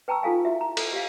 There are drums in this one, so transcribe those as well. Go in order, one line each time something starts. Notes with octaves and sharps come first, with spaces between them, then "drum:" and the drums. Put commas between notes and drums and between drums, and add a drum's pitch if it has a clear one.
B4 G5 A5 A#5 C#6 E6
D#4 F4 A4 F5 G#5
E4 F#4 E5
A#5
A4, drum: cymbal
G4 F5